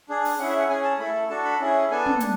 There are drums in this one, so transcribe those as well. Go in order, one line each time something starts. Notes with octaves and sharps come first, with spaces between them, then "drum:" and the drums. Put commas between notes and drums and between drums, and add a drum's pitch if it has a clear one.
D4 G#4
drum: open hi-hat
C#4 E4 G#4 F#5
E5
F#5
C#4 G#4 G#5
A5
A3 E4 A4 B5
D4 F#4 A4 A5
B5
C#4 E4 G#4
B3 D4 A4 G#5
drum: tom
D4, drum: hi-hat